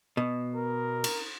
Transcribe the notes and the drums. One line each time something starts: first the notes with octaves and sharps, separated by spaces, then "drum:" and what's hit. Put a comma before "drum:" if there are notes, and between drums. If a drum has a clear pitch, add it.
B2
A#4
drum: cymbal